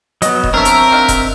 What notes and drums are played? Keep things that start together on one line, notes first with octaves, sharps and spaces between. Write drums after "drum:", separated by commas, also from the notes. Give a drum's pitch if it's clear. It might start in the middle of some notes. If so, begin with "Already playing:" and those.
F#3 B3 D#5, drum: hi-hat
drum: kick E1
C4 D4 A#4 C#5 E5
drum: hi-hat
D#3 D4 F5
drum: kick E1, hi-hat